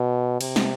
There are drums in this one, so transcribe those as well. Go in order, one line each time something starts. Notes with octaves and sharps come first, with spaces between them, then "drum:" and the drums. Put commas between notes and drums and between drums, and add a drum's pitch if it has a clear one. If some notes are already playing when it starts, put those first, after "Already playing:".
Already playing: B2
C3, drum: cymbal
drum: snare